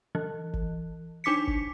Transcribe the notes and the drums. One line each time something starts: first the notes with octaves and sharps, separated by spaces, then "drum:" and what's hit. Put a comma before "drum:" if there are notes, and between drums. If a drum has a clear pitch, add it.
E3
drum: kick G1
D4 D#4 D6 B6 C#7
drum: kick G1